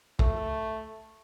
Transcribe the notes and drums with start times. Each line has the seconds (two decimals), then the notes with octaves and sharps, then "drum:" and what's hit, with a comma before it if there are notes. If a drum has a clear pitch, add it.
0.19 A3, drum: kick